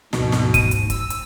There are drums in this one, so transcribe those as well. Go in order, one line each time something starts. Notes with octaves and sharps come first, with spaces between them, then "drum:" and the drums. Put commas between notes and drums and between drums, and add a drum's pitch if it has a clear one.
D2 G#2 B2, drum: snare
drum: snare
D#7, drum: kick, hi-hat
drum: hi-hat
E6, drum: kick, hi-hat
drum: hi-hat